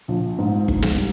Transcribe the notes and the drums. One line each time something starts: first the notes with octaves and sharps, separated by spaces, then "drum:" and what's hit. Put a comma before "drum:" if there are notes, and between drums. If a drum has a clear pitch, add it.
A#1
G#2
G#2, drum: kick G1
drum: snare
G3